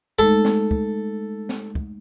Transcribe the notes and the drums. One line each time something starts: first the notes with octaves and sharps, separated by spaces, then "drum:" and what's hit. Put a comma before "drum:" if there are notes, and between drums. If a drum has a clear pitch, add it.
G#3 A3 D#4 A4
drum: snare
drum: kick
drum: snare
drum: kick